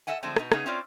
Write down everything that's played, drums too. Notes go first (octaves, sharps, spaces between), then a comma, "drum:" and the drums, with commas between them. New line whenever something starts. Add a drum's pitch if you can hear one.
A4 D#5 E5 F#5 G#5
D3 F3 G#3 A3 C4 D4
B2 B3 D#4, drum: rim click
C#3 A3 B3 C#4 D#4 G#4, drum: rim click
C4 C#4 E4 F4 C5 D5